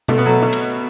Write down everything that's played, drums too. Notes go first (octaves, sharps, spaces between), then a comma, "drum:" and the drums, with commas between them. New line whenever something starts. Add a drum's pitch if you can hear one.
B2 A3, drum: tom B2
B3
F#3 A3
B2
drum: cymbal